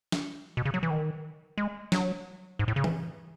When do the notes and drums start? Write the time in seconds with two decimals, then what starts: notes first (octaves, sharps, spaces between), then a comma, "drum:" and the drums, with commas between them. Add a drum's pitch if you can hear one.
0.12 drum: snare
0.57 B2
0.65 C#3
0.74 F#3
0.83 E3
0.90 D#3
1.58 G#3
1.92 F#3, drum: snare
2.59 G#2
2.68 A2
2.76 C#3
2.84 E3, drum: tom E3